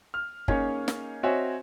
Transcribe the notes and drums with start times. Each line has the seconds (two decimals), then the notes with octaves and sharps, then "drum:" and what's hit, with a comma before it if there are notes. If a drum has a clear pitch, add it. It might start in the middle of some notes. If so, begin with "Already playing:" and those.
0.14 F6
0.48 A#3 C#4 D#4 G#4 C#5, drum: kick F#1
0.88 drum: snare
1.23 C4 F#4 C#5 D#5 E5 G#5